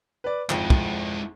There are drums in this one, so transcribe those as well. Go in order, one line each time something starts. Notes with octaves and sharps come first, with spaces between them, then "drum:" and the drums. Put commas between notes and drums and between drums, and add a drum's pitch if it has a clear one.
B4 D5
G#1 F2 G#3 E4, drum: clap
drum: kick